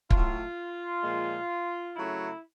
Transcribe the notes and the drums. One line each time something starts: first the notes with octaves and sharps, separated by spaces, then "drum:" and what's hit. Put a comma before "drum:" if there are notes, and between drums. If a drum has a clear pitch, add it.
A2 F#3 A3 F4, drum: kick
A#2 F3 G#3
C#3 F#3 A3 E4